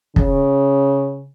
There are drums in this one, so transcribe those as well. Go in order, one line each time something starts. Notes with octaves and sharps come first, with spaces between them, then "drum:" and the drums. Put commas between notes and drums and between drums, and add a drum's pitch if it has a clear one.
C#3, drum: kick